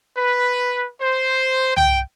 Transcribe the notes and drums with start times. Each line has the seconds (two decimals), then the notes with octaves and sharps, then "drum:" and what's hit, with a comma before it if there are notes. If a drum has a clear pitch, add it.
0.17 B4
1.00 C5
1.77 G5, drum: tom C2